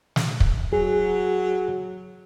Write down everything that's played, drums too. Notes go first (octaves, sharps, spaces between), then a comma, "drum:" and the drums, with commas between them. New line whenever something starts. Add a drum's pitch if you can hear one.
drum: snare
drum: kick
F#3 G#4